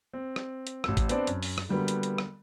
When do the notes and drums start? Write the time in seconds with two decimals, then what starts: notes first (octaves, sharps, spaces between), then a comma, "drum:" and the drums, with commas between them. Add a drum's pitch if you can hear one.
0.14 C4
0.36 drum: rim click
0.67 drum: hi-hat
0.84 A1 E6, drum: rim click
0.97 drum: kick, hi-hat
1.09 B3 C4 D4 C5 D5 A5, drum: hi-hat
1.27 F#2, drum: hi-hat
1.43 drum: open hi-hat
1.58 drum: rim click
1.69 D3 G3 A#3 B3 F#4
1.88 drum: hi-hat
2.03 drum: hi-hat
2.18 drum: rim click